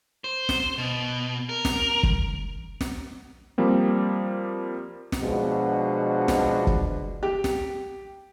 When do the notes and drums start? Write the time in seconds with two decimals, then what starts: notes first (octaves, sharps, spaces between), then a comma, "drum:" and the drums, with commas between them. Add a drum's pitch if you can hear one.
0.24 C5
0.49 drum: snare
0.78 B2
1.49 A#4
1.65 drum: snare
2.03 drum: kick
2.81 drum: snare
3.58 F3 G3 A#3 C4
5.12 drum: snare
5.22 B2 F3 G#3 D4 F4 F#4
6.28 drum: snare
6.67 drum: kick
7.23 G4
7.44 drum: snare